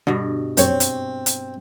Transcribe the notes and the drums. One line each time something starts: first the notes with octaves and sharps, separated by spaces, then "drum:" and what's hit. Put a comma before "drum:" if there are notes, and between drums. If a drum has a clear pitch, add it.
G2 B2 D3
A#1 F#2 C4 C#5, drum: hi-hat
drum: hi-hat
drum: hi-hat